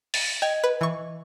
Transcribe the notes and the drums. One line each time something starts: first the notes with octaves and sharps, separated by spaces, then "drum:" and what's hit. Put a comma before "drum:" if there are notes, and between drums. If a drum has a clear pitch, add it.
A6, drum: open hi-hat
D#5 G5
B4
E3 C#6